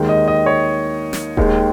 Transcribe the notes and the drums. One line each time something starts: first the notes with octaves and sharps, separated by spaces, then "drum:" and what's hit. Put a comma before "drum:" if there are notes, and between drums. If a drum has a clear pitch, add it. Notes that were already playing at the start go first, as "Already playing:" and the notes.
Already playing: D#2 D#3 G#3
D#5
D#5
C#5
drum: snare
D#2 D#3 G#3, drum: kick D#1